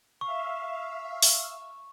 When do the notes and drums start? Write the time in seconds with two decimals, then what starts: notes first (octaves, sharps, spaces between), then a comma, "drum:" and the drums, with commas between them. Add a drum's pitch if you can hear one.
0.21 E5 F5 C#6
1.22 drum: open hi-hat